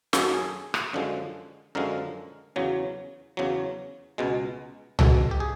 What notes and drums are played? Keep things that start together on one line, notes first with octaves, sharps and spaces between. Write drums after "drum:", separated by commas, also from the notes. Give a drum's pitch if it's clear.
F#2 D#3 F#3 G#4, drum: snare
A4
G#4
drum: rim click
F#2 D3 F3 G#3
F#2 D3 F3 G#3 A#4
E2 C#3 F#3
E2 C#3 F#3
C#2 B2 G#3
C#2 B2 G#3 A4, drum: tom C2
G4
G#4